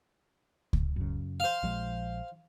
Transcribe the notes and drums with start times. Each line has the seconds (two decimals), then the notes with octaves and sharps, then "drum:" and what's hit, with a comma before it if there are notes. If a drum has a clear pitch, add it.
0.73 drum: kick C#2
0.96 F#2 C#3
1.40 C5 F5
1.63 A#1 F3 G#3